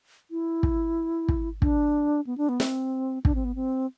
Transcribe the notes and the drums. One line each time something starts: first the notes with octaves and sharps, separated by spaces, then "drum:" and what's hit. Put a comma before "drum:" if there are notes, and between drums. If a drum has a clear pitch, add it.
E4
drum: kick
drum: kick
D4, drum: kick
B3
D4
B3
C4, drum: snare
D4, drum: kick
C4
B3
C4